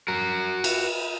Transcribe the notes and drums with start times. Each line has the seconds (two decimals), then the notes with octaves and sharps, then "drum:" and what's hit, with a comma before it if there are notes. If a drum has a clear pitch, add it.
0.08 F#4 A#4
0.64 drum: cymbal